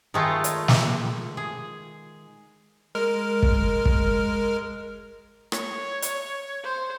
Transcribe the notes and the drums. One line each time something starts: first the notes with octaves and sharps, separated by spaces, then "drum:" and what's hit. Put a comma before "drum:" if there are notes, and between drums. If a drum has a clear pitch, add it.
D#3 G#3 A3 F4
drum: hi-hat
drum: snare
G#4
G#3 A#4 F6
drum: kick
drum: kick
C#5, drum: rim click
drum: hi-hat
C5